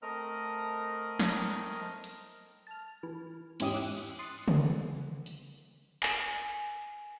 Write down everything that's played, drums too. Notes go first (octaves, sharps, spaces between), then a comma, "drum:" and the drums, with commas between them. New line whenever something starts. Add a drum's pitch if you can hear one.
A3 C4 A#4 D#5 F6
drum: snare
drum: hi-hat
A5 F6
E3
E2 G#2 C#4 E4 G4 D#6, drum: cymbal
D6 E6 F#6
C6 D#6 F#6 A6 C#7
drum: tom C#3
drum: hi-hat
G#5, drum: clap